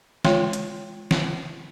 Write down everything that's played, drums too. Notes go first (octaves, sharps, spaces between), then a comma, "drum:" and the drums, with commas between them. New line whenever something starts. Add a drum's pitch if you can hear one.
G#3 F4 C#5 G5 C6, drum: snare
drum: hi-hat
drum: snare